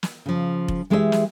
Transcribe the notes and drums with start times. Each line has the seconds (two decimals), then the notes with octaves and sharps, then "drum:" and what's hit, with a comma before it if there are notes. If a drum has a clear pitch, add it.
0.03 drum: snare
0.26 C#3 F3
0.68 drum: kick F1
0.90 E3 G#3 G4 G#4 B4 E5
1.12 drum: snare